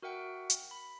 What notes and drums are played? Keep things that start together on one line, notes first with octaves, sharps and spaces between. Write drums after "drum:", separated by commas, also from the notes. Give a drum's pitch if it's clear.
F#4 A#4 E5 F#5 G5
drum: hi-hat
B5